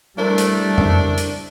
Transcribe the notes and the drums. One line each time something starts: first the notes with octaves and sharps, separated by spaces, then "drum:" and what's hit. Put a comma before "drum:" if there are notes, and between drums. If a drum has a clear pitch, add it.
G3 A3 D4 E4 A#4 C5
drum: hi-hat
drum: tom F2
drum: hi-hat